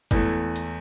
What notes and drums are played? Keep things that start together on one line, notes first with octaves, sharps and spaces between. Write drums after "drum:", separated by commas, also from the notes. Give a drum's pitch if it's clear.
E2 E3 A3, drum: kick F#1, hi-hat
drum: hi-hat